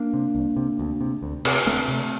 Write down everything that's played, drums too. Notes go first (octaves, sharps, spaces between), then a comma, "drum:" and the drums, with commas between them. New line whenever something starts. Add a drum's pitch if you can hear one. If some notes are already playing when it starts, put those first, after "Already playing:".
Already playing: A#3 D4
C3
C2
C3
D2
C3
D2
C3, drum: cymbal
D2 A3 C4
C3